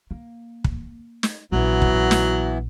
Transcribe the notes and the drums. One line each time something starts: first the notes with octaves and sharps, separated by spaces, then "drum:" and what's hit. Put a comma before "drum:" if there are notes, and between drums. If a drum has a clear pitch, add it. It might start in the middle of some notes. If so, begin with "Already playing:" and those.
A#3
drum: kick
drum: snare
A#1 E3 F#3 B3 E4
drum: kick
drum: snare